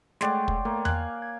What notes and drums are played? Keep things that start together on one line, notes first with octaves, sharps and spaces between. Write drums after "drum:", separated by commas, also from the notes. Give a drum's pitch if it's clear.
G#3 A3 C#5 D5 F#5 G5 C6, drum: snare
drum: kick
A3 A#3
F5 G#5 F#6, drum: tom E2
G#6